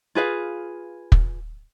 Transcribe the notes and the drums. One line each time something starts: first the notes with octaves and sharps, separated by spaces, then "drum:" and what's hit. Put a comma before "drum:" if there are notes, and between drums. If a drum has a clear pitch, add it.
F4 G#4 B4 F5
drum: kick